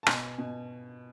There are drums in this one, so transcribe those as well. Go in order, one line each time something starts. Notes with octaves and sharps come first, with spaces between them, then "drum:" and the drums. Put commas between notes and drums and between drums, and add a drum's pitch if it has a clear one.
A5
B2 G#5, drum: rim click
B2